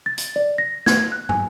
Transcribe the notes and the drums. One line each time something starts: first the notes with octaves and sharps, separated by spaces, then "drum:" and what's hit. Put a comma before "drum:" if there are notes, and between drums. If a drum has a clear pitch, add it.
A6
drum: hi-hat
D5
A#6
G#6, drum: snare
F#6
G#5, drum: tom